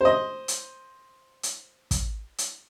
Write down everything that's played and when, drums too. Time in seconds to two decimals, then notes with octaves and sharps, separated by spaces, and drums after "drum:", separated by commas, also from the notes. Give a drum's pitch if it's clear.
0.01 C5 D#5
0.48 drum: hi-hat
1.43 drum: hi-hat
1.91 drum: kick, hi-hat
2.38 drum: hi-hat